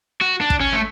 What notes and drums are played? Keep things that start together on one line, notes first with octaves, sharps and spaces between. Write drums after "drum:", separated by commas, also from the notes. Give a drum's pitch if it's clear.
F#4
D4
drum: kick
C#4
A3